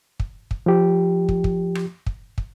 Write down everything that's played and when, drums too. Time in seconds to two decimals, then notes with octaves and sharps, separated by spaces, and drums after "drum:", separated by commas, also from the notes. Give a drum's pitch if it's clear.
0.20 drum: kick
0.51 drum: kick
0.66 F3 G4
1.29 drum: kick
1.44 drum: kick
1.75 drum: rim click
2.06 drum: kick
2.38 drum: kick